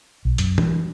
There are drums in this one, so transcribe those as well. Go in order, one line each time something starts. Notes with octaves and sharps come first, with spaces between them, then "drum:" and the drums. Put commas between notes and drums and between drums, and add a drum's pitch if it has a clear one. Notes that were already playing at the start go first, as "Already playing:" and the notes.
B1
F#2, drum: hi-hat
E3, drum: tom